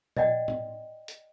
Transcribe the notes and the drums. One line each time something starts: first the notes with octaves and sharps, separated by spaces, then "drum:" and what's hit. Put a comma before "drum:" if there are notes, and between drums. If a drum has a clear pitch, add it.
D5 D#5 F#5 G5, drum: tom A#2
drum: tom A2
drum: hi-hat